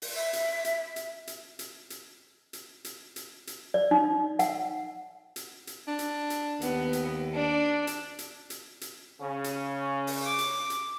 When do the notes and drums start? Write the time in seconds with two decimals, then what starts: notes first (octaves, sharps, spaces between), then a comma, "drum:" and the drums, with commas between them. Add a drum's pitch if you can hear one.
0.02 drum: open hi-hat
0.15 E5
0.33 drum: hi-hat
0.65 drum: hi-hat
0.96 drum: hi-hat
1.27 drum: hi-hat
1.59 drum: hi-hat
1.90 drum: hi-hat
2.53 drum: hi-hat
2.85 drum: hi-hat
3.16 drum: hi-hat
3.47 drum: hi-hat
3.74 D5
3.91 D#4
4.39 F#5, drum: hi-hat
5.36 drum: hi-hat
5.67 drum: hi-hat
5.87 D4
5.99 drum: hi-hat
6.30 drum: hi-hat
6.61 D#2 B3, drum: hi-hat
6.93 drum: hi-hat
7.34 D4 D5
7.87 drum: hi-hat
8.19 drum: hi-hat
8.50 drum: hi-hat
8.81 drum: hi-hat
9.21 C#3 C#4
9.44 drum: hi-hat
10.07 drum: open hi-hat
10.26 D6
10.38 drum: hi-hat
10.70 drum: hi-hat